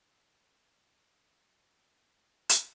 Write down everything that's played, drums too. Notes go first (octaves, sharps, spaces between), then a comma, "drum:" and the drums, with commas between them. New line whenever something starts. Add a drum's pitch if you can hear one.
F4 G4 G#4 B4
drum: hi-hat